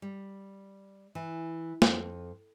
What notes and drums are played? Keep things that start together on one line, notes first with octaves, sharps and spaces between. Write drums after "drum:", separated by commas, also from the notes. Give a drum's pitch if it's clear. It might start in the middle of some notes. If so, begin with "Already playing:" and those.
G3
E3
F2, drum: snare